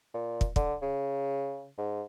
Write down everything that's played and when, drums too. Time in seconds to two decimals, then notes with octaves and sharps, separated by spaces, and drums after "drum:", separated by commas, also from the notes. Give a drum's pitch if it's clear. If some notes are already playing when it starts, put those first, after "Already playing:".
0.14 A#2
0.41 drum: kick
0.56 D3, drum: kick
0.82 C#3
1.78 G#2